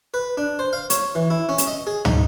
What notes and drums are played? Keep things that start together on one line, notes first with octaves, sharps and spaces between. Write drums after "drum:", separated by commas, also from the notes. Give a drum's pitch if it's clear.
B4
D4
C5
F5
C#5, drum: hi-hat
E3
E4
C#4
drum: hi-hat
D#5
G#4
D#4, drum: tom